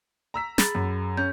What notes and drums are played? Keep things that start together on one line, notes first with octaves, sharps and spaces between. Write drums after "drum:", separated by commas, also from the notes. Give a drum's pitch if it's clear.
A#5 E6 B6
G#4 B5 A6, drum: snare
F#2
C#4 G6